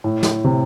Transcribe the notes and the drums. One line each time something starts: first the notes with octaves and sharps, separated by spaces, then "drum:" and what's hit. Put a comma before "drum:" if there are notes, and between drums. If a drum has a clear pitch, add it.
A2
drum: snare
C3